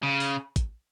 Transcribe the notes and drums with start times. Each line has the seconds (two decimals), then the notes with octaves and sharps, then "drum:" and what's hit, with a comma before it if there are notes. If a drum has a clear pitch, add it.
0.03 C#3
0.20 drum: open hi-hat
0.56 drum: kick, hi-hat